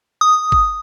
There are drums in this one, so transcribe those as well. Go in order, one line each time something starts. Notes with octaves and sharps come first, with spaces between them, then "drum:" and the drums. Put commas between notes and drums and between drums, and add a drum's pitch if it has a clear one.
D#6
drum: kick G1